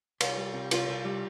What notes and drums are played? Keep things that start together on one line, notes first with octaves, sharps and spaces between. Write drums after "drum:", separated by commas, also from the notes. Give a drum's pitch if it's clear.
C2, drum: cymbal
G3
C3
C2 F4, drum: cymbal
C2
G3